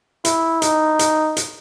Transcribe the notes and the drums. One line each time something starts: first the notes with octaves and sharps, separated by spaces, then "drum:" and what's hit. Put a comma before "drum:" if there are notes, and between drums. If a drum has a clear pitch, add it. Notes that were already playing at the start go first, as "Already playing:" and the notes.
E4, drum: hi-hat
D#4, drum: hi-hat
drum: hi-hat
drum: hi-hat